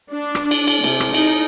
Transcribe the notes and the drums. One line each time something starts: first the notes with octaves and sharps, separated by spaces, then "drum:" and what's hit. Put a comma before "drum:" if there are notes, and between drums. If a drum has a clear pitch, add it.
D4
drum: rim click
drum: cymbal
drum: cymbal
C3, drum: cymbal
drum: rim click
D#4, drum: cymbal